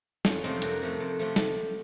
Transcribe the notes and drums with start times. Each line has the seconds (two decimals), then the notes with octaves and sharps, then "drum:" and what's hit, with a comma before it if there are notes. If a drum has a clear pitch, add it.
0.25 F2 C#4 F4, drum: snare
0.43 C3 F3 A3 C4 D#4
0.62 F2 F#4 A#4, drum: hi-hat
0.82 C3 F3 A3
1.00 F2
1.19 C3 F3 A3
1.36 drum: snare